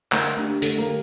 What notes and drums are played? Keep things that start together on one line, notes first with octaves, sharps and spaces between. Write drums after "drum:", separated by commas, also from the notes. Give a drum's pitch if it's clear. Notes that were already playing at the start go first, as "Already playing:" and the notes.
D3 A#3, drum: clap
A3 D4 G4
D3 A3, drum: hi-hat
A#3
G4